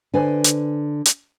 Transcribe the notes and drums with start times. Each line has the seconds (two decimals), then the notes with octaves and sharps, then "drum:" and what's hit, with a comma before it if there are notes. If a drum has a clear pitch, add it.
0.14 D3 B4 C5 D5 G#5
0.44 drum: hi-hat
1.06 drum: hi-hat